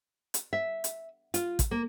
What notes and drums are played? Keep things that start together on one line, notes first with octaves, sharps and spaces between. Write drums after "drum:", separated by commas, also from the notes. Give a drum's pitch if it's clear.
drum: hi-hat
E5
drum: hi-hat
F4, drum: hi-hat
drum: kick, hi-hat
A#3